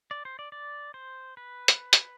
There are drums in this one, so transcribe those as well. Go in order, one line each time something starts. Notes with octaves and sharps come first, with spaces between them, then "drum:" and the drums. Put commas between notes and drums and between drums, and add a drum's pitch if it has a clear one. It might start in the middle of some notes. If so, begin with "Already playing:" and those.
D5
C5
D5
D5
C5
B4
drum: hi-hat
drum: hi-hat